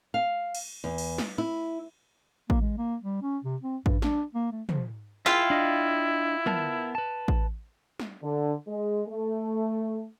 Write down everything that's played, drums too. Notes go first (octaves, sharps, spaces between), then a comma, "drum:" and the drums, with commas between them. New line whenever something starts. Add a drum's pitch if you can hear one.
F5
drum: cymbal
E2
drum: cymbal
drum: snare
E4
A#3, drum: kick A1
G#3
A#3
G3
C#4
C3
C4
G2, drum: kick A1
D4, drum: snare
A#3
A3
F3, drum: tom
E4 F4 G#4 A#4 E5 F5 G5
D4 D#5
B3 A#4 A5, drum: tom
B4 A5
drum: kick A1
drum: snare
D3
G#3
A3